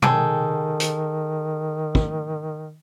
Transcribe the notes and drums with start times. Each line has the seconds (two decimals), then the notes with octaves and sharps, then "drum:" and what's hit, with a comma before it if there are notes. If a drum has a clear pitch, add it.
0.02 D#3 G#4 A4 G5, drum: tom B2
0.80 drum: hi-hat
1.95 drum: kick